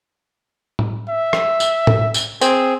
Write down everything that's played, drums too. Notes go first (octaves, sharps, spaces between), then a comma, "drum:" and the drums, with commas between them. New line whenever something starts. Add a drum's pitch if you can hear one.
drum: tom
E5
drum: rim click
drum: tambourine
drum: tom
drum: tambourine
C4 G#4, drum: tambourine